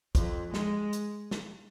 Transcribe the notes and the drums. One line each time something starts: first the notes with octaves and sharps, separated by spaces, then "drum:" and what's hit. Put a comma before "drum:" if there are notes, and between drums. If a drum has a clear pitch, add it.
F2, drum: kick, hi-hat
G#3, drum: snare
drum: hi-hat
drum: snare